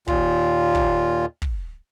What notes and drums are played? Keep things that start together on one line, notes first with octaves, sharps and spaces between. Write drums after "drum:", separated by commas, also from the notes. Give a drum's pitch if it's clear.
D#2 A#2 F4, drum: kick
drum: kick
drum: kick